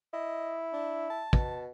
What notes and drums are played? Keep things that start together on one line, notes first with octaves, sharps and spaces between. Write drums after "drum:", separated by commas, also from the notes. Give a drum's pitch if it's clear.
E4 D#5
D4
A5
B2, drum: kick